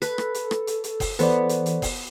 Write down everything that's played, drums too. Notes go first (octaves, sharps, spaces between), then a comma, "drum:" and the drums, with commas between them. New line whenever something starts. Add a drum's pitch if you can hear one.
A4 B4, drum: hi-hat
drum: rim click
drum: hi-hat
drum: rim click
drum: hi-hat
drum: hi-hat
drum: kick F#1, open hi-hat
E3 B3 A4 C5 D5, drum: hi-hat
drum: hi-hat
drum: hi-hat
drum: kick F#1, open hi-hat